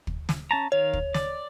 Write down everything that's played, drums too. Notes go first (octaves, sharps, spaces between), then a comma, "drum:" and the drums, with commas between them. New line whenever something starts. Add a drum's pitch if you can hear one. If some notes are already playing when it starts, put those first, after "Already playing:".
drum: kick
drum: snare
C#4 A5 A#5
D#3 C#5 F5
drum: kick
D5, drum: snare